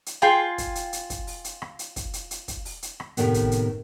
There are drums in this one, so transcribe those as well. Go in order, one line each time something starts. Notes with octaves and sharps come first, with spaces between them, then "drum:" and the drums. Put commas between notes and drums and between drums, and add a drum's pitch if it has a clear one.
drum: hi-hat
F4 G#4 G5 C6, drum: rim click
drum: kick, hi-hat
drum: hi-hat
drum: hi-hat
drum: kick, hi-hat
drum: open hi-hat
drum: hi-hat
drum: rim click
drum: hi-hat
drum: kick, hi-hat
drum: hi-hat
drum: hi-hat
drum: kick, hi-hat
drum: open hi-hat
drum: hi-hat
drum: rim click
A2 C3 D#3 B3, drum: hi-hat
drum: kick, hi-hat
drum: hi-hat